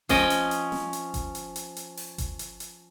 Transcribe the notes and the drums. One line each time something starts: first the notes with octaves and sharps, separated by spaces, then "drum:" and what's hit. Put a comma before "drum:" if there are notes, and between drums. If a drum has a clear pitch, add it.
F3 C#4 D#5 G5, drum: kick G1, open hi-hat
drum: hi-hat
drum: hi-hat
drum: snare
drum: hi-hat
drum: kick G1, hi-hat
drum: hi-hat
drum: hi-hat
drum: hi-hat
drum: open hi-hat
drum: kick G1, hi-hat
drum: hi-hat
drum: hi-hat